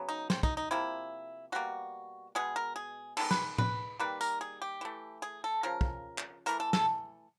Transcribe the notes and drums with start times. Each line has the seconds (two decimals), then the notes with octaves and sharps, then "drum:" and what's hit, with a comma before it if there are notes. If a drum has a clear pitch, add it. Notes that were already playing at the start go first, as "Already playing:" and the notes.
Already playing: C#3 F#3 B3
0.09 D#4
0.30 C4, drum: snare
0.43 D#4, drum: kick
0.57 D#4
0.71 C3 F3 A#3 E4
1.52 B2 G3 A#3 F#4
2.35 B2 G#3 B3 G#4
2.56 A#4
2.76 G#4
3.17 D#3 G#3 B3 A4, drum: cymbal
3.31 B4, drum: snare
3.58 B4, drum: tom A2
3.99 D#3 G3 A#3 B4
4.21 A#4, drum: tambourine
4.41 G#4
4.62 G4
4.81 E3 A3
5.22 G#4
5.44 A4
5.63 C#3 F3 A#4
5.81 drum: kick
6.18 drum: clap
6.46 E3 A3 A#4, drum: hi-hat
6.60 A4
6.73 A4, drum: snare